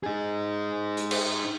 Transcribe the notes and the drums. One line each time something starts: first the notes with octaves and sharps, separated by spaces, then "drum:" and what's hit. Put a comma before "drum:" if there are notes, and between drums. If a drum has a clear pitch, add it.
D#4 G#4
drum: hi-hat
drum: cymbal